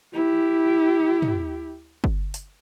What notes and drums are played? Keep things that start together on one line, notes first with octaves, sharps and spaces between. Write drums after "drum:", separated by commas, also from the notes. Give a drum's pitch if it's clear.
E4 G4
drum: tom
drum: kick G1
drum: hi-hat